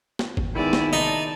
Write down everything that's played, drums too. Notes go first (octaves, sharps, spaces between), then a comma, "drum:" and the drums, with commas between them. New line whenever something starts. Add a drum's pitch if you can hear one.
drum: snare
drum: kick G#1
D#3 G#3 B3 E4 D5 G#5
drum: snare
D#4 D5 A5